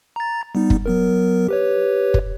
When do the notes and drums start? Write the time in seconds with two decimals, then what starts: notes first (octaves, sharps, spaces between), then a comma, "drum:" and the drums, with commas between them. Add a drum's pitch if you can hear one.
0.16 A#5 A6
0.55 G3 B3 D#4
0.70 drum: kick
0.86 F#3 B3 A#4
1.48 G4 B4 C#5
2.14 drum: kick